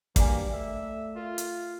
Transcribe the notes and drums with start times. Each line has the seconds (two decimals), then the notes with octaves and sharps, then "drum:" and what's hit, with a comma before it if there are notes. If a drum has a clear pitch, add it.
0.16 G2 A#3 F#4 D5 F5 G#5 A#5 D6, drum: kick, hi-hat
0.53 A3 E5
1.16 F4 A#4
1.38 drum: hi-hat